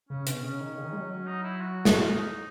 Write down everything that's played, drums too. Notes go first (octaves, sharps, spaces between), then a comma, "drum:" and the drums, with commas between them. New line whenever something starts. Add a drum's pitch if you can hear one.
C#3 C#4
B2 C#4, drum: hi-hat
C#3 C#4
D#3
C#3
D#3
G#3
F#3
C#4
D#4
E4
F#4
drum: snare
C#4
D#4